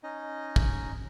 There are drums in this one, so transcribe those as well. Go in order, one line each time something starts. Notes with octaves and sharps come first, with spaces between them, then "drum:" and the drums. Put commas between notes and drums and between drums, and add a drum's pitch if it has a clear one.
C#4 D#4 D#5
drum: kick